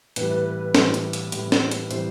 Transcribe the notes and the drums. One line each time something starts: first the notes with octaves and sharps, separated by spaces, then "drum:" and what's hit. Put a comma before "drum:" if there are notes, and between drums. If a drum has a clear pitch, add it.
A2 E3 G3 B4, drum: hi-hat
B4
B4
B4
A2 E3 G3 B4, drum: snare
drum: hi-hat
drum: hi-hat
A2 E3 G3, drum: hi-hat
drum: snare
drum: hi-hat
A2 E3 G3 C5, drum: hi-hat